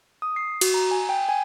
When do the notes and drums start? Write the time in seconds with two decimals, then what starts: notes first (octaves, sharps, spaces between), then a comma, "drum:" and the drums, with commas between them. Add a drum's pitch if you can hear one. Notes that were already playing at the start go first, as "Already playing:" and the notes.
0.22 D#6
0.36 C7
0.61 F#4, drum: cymbal
0.74 A#5
0.91 G#5
1.09 G5
1.29 G#5